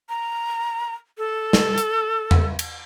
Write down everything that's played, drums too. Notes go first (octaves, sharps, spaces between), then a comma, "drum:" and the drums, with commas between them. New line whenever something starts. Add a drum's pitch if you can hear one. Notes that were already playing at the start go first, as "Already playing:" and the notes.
A#5
A4
drum: snare
drum: hi-hat
drum: tom E2
drum: cymbal